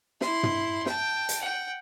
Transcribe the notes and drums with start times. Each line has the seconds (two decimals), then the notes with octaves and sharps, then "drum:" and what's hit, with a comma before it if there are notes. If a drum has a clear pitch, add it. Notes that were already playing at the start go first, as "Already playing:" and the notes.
0.21 E4 C6, drum: snare
0.43 drum: tom
0.86 G5 A5, drum: snare
1.29 drum: hi-hat
1.40 F#5 G5